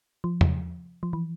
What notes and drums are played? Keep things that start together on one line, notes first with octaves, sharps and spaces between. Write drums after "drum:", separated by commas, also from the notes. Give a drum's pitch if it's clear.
F3
drum: tom E2
F3
E3